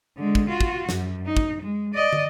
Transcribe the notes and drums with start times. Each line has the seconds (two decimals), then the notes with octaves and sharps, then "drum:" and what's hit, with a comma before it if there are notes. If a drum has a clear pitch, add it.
0.17 D3 G#3
0.35 drum: kick
0.49 F4 F#4
0.61 drum: kick
0.89 F#2, drum: snare
1.26 D#4
1.37 drum: kick
1.62 G#3
1.94 D5 D#5
2.13 drum: tom